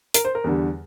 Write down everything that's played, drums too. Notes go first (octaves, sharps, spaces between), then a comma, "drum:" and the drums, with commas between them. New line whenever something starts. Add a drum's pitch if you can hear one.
A#4, drum: hi-hat
C5
A#4
E2 D3 G3